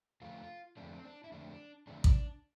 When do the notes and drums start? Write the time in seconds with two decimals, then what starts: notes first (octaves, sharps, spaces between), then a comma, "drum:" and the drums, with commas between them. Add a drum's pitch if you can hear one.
0.21 F2 D3 A3 C4 F4
0.77 F2 D3 A3 C4 D4
0.94 C4
1.05 D4
1.24 E4
1.32 F2 D3 A3 C4 D4
1.87 F2 D3 A3 C4 D4
2.04 drum: kick A1